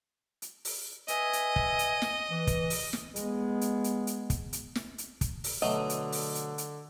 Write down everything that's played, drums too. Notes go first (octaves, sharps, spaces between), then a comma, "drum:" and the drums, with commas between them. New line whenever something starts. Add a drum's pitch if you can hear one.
drum: hi-hat
drum: open hi-hat
B4 D#5 E5 G#5, drum: hi-hat
drum: hi-hat
drum: kick
drum: hi-hat
drum: snare
E3
drum: kick, hi-hat
drum: open hi-hat
drum: snare
G#3 B3, drum: hi-hat
drum: hi-hat
drum: hi-hat
drum: hi-hat
drum: kick, hi-hat
drum: hi-hat
drum: snare
drum: hi-hat
drum: kick, hi-hat
drum: open hi-hat
B2 D3 F#3 A3 D#5
drum: hi-hat
drum: open hi-hat
drum: hi-hat
drum: hi-hat